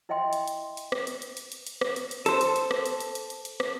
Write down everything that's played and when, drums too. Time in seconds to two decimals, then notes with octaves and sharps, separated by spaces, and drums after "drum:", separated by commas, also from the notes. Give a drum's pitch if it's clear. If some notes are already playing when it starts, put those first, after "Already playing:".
0.09 E4 D#5 E5 G5 C6
0.33 drum: hi-hat
0.48 drum: hi-hat
0.77 drum: hi-hat
0.92 drum: rim click
1.07 drum: hi-hat
1.22 drum: hi-hat
1.37 drum: hi-hat
1.52 drum: hi-hat
1.67 drum: hi-hat
1.81 drum: rim click
1.96 drum: hi-hat
2.11 drum: hi-hat
2.26 A4 C5, drum: hi-hat
2.41 drum: hi-hat
2.56 drum: hi-hat
2.71 drum: rim click
2.86 drum: hi-hat
3.00 drum: hi-hat
3.15 drum: hi-hat
3.30 drum: hi-hat
3.45 drum: hi-hat
3.60 drum: rim click